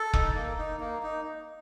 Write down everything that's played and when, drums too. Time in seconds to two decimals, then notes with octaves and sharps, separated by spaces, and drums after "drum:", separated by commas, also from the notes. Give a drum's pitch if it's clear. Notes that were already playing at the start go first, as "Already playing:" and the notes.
Already playing: A4
0.14 D#4, drum: kick F1
0.35 A#3
0.58 D#4
0.80 A#3
1.03 D#4